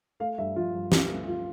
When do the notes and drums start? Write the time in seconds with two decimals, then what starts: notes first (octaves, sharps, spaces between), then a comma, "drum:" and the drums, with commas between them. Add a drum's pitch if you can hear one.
0.20 A3 F5
0.38 G2 E5
0.56 F3 F4
0.74 G2
0.92 G2, drum: snare
1.10 A3
1.28 F4